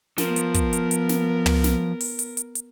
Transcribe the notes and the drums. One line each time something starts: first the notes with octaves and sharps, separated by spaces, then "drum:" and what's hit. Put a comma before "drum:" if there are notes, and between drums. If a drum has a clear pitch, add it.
F3 B3 A#4, drum: snare
drum: hi-hat
drum: kick, hi-hat
drum: hi-hat
drum: hi-hat
drum: snare
drum: tom
drum: snare
drum: open hi-hat
drum: hi-hat
drum: hi-hat
drum: hi-hat